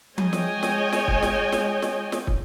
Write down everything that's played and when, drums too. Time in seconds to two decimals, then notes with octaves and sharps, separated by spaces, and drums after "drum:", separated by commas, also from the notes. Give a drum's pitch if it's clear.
0.18 G#3 C#5 D#5 G5 G#5, drum: tom F3
0.33 drum: snare
0.63 drum: snare
0.93 drum: snare
1.07 drum: kick
1.22 drum: snare
1.52 drum: snare
1.82 drum: snare
2.12 drum: snare
2.27 drum: kick